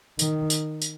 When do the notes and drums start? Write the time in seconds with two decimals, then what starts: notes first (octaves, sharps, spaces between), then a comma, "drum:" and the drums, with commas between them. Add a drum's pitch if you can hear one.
0.19 D#3, drum: tambourine
0.50 drum: tambourine
0.82 drum: tambourine